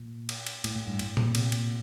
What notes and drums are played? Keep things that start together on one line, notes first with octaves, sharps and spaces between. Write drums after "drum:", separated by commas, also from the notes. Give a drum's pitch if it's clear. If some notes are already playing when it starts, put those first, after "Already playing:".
Already playing: A#2
drum: cymbal
drum: cymbal
A2, drum: cymbal
A2
G2
A2, drum: cymbal
A#2, drum: tom A#2
C3, drum: cymbal
A#2, drum: cymbal